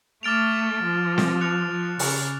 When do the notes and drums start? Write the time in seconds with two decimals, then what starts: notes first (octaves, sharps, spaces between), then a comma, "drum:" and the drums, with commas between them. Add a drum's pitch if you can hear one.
0.23 A3 D6 F6 A6 D7 F7
0.82 F3
1.18 drum: snare C4
1.41 F#6 C#7 F7
1.70 F3
1.99 C#3, drum: open hi-hat